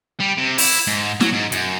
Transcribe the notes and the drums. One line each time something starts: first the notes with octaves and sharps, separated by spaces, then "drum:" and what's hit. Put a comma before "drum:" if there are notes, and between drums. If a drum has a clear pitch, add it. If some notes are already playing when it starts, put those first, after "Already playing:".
G3
C3
E4, drum: open hi-hat
G#2
F#3, drum: snare
G#2
F#2, drum: hi-hat